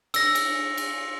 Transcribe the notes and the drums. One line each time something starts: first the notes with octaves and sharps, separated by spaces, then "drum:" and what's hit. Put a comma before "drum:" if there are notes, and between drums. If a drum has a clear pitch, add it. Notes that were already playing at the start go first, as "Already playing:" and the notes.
E6 A#6, drum: cymbal
drum: cymbal
drum: cymbal